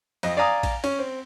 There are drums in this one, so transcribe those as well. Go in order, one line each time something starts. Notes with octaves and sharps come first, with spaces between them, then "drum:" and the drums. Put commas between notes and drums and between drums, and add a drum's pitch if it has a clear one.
F2 D#5, drum: cymbal
D5 F5 G#5 A#5 D#6
drum: kick, cymbal
C#4, drum: cymbal
C4